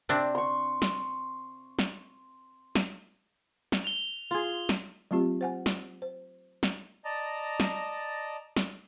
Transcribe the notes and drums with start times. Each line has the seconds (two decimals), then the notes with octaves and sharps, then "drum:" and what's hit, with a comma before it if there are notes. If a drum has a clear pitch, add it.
0.09 C3 C4 D4
0.35 C6 C#6
0.82 drum: snare
1.79 drum: snare
2.75 drum: snare
3.72 drum: snare
3.84 F7 G7
4.31 F4 G#4
4.69 drum: snare
5.11 F#3 A3 C4 F4 G4
5.41 C5 F#5 G#5
5.66 drum: snare
6.02 C5
6.63 drum: snare
7.05 D5 D#5 A5 A#5
7.60 drum: snare
8.56 drum: snare